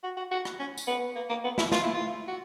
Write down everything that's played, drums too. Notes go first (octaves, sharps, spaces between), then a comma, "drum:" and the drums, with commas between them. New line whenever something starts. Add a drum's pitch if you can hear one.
F#4
F#4
F#4
drum: rim click
C#4
drum: tambourine
B3
A#3
A#3
B3
E4, drum: snare
F4, drum: snare
E4
F4
F#4